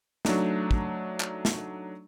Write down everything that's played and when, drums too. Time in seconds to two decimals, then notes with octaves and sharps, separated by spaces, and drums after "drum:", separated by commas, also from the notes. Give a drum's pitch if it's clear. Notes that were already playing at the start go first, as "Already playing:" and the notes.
0.25 F#3 A3 D4 D#4, drum: snare
0.71 drum: kick
1.20 drum: clap
1.45 drum: snare